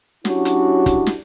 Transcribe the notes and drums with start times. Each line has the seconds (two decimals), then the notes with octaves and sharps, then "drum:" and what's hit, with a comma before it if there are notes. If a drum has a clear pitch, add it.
0.25 F#3 C#4 D4 E4 F#4 G4, drum: snare
0.45 drum: hi-hat
0.86 drum: kick, hi-hat
1.07 drum: snare